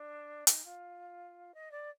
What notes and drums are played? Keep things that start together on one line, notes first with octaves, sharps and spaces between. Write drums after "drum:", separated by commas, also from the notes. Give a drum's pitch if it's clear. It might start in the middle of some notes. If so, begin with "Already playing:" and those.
Already playing: D4
D#4, drum: hi-hat
F4
D#5
D5